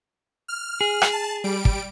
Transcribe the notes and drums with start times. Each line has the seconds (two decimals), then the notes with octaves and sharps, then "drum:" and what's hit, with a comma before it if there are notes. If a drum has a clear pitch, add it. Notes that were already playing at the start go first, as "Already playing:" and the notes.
0.48 F6
0.81 G#4
1.02 drum: rim click
1.11 A5
1.44 G3 D7
1.65 drum: kick